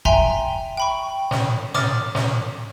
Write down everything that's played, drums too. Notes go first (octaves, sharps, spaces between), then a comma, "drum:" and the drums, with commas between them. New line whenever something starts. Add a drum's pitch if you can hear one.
E5 G5 G#5 A#5 C6, drum: kick
G5 B5 C#6
drum: snare
D6 D#6 F6 A6, drum: snare
drum: snare